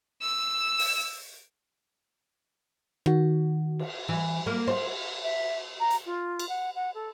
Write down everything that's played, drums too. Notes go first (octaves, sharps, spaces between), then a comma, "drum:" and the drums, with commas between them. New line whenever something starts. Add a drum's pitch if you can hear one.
E6
drum: open hi-hat
D#3 F#4, drum: rim click
drum: cymbal
E3
A#3
C5, drum: cymbal
E5
A#5
drum: hi-hat
F4
drum: cymbal
F#5
F#5
A4